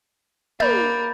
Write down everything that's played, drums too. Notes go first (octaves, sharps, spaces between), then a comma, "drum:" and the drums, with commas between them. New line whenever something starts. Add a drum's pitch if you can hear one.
A#3 B5 G6 A6, drum: tom